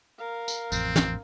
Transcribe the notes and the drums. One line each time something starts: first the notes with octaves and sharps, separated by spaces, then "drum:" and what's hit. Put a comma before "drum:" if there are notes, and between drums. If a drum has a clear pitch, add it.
A#4 F5
drum: tambourine
A1 F2 C4, drum: tambourine
drum: snare